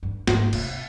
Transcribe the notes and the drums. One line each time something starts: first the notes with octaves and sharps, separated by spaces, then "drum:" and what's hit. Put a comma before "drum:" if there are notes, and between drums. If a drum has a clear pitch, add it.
G2
G#2, drum: snare
C3, drum: cymbal